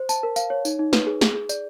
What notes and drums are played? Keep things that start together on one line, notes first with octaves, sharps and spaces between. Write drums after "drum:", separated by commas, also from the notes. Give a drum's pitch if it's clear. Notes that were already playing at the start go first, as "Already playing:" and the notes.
Already playing: C5
A5, drum: tambourine
A#4
F5, drum: tambourine
C#5
D#4, drum: tambourine
D#4
B4, drum: snare
G#4
G#4, drum: snare
G#4
D5, drum: tambourine